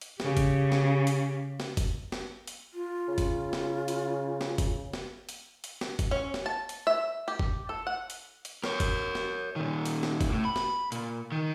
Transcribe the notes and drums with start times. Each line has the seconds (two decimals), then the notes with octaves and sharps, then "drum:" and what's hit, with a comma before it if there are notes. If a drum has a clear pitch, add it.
0.01 drum: hi-hat
0.20 C#3 G4, drum: snare
0.37 drum: kick F#1, hi-hat
0.72 drum: snare
1.07 drum: hi-hat
1.60 drum: snare
1.77 drum: kick F#1, hi-hat
2.12 drum: snare
2.47 drum: hi-hat
2.74 F4
3.08 C#3
3.18 drum: kick F#1, hi-hat
3.53 drum: snare
3.88 drum: hi-hat
4.41 drum: snare
4.58 drum: kick F#1, hi-hat
4.93 drum: snare
5.29 drum: hi-hat
5.64 drum: hi-hat
5.81 drum: snare
5.99 drum: kick F#1, hi-hat
6.11 C#4
6.34 drum: snare
6.46 A5
6.69 drum: hi-hat
6.87 E5
7.28 G4
7.39 drum: kick F#1
7.69 A4
7.87 F#5
8.10 drum: hi-hat
8.45 drum: hi-hat
8.64 A#4 C#5, drum: snare
8.80 drum: kick F#1, hi-hat
9.15 drum: snare
9.56 A#2 D#3
9.85 drum: hi-hat
10.03 drum: snare
10.21 drum: kick F#1, hi-hat
10.30 A2
10.45 B5
10.56 drum: snare
10.92 A#2, drum: hi-hat
11.32 D#3